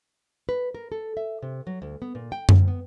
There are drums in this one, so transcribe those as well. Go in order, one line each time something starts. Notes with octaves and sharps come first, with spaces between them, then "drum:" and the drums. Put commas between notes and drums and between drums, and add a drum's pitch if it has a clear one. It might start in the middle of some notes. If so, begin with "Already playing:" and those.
B4
A#4
A4
E5
C3
F#3
D2
B3
A#2
G5
G#2, drum: tom F#2
B3